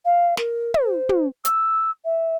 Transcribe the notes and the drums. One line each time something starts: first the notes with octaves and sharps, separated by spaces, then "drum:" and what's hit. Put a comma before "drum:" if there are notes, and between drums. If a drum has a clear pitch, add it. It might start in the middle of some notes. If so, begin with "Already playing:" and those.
F5
A#4, drum: snare
drum: tom
C5
drum: tom
E6, drum: hi-hat
E5